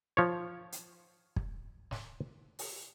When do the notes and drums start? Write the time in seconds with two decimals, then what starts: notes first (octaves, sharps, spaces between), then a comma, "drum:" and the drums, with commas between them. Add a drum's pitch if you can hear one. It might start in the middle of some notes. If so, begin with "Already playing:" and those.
0.17 F3 C#5
0.72 drum: hi-hat
1.36 drum: kick
1.91 drum: snare
2.59 drum: open hi-hat